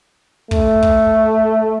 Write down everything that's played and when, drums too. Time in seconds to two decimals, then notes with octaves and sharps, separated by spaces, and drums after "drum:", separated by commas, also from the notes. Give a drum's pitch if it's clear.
0.51 A3, drum: kick
0.83 drum: kick